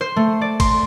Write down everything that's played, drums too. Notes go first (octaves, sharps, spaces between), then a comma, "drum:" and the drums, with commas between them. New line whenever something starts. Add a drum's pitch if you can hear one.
C5
A3
D5
C6, drum: kick, cymbal